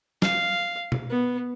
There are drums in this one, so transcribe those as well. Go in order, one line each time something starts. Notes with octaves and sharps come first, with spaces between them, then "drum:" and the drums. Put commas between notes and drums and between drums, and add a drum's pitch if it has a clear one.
F5, drum: snare
drum: tom B2
B3